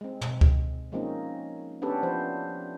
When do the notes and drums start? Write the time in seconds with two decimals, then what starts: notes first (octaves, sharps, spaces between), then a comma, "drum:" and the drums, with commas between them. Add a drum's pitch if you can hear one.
0.01 G#3 C4
0.21 drum: tom
0.41 drum: kick C#2
0.92 F3 G#3 A#3 C4 C#4 D#4
1.82 B3 C#4 D4 G4 A4 B4
2.03 F3 E4 C5